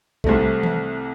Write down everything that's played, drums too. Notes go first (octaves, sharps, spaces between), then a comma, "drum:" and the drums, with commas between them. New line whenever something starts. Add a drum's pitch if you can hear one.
C2 C3 A3, drum: kick B1
drum: tom D#3